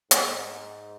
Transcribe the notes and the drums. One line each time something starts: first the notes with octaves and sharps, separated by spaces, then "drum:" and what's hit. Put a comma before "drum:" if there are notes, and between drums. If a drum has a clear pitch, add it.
G#2, drum: hi-hat